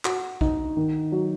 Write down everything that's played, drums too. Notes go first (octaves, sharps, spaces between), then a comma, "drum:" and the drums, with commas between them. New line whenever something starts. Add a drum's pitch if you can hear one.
F#4, drum: clap
D#4, drum: kick A#1
D#3
F#3